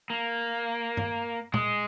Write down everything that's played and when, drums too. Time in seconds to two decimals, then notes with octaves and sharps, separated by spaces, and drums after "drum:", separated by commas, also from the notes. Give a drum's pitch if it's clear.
0.10 A#3
0.97 drum: tom
1.54 G#3, drum: tom